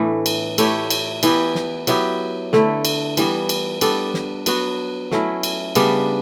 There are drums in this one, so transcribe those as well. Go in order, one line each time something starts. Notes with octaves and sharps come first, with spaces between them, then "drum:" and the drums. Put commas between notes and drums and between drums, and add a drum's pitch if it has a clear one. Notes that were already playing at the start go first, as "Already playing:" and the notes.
Already playing: A2 E3 A3 B3 D4
drum: cymbal
A3 E4 G4 C#5, drum: cymbal
drum: cymbal
E3 B3 E4 G4, drum: cymbal
drum: snare
F#3 B3 E4 G4, drum: cymbal
D3 A3 E4, drum: snare
drum: cymbal
E3 G3 B3, drum: cymbal
drum: cymbal
G3 B3 D4 A4, drum: cymbal
drum: snare
F#3 B3 F#4, drum: cymbal
F#3 A3 C#4 E4, drum: snare
drum: cymbal
C#3 G3 B3 D4, drum: cymbal